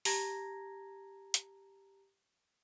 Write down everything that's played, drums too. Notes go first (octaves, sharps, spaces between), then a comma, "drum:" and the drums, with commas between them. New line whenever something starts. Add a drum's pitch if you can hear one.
G4 A5 A#5 G#6 A#6, drum: open hi-hat
drum: hi-hat